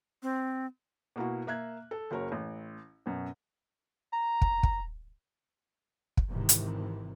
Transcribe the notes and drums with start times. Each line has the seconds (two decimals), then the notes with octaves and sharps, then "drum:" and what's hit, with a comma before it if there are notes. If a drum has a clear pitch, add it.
0.23 C4
1.16 B2 A#3 E4 F#4
1.47 A#3 E5 F#6 G#6
1.91 A4
2.11 F#1 F#4 A#4 C#5
2.32 A1
3.06 F#2 B2
4.13 A#5
4.42 drum: kick
4.63 drum: kick
6.17 drum: kick
6.30 G#1 C3 D#3 E3
6.49 drum: hi-hat